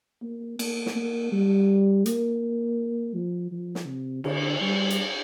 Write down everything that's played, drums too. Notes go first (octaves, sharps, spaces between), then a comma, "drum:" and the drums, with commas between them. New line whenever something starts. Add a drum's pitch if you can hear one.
A#3
A#3, drum: cymbal
drum: snare
A#3
G3
A#3, drum: hi-hat
F3
F3
drum: snare
C3
D3, drum: cymbal
G3
drum: hi-hat